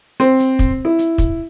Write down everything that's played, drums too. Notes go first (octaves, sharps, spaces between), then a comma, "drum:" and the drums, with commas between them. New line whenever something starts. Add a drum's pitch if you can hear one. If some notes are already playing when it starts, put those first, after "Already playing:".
C4, drum: hi-hat
drum: hi-hat
drum: kick, hi-hat
E4
drum: hi-hat
drum: kick, hi-hat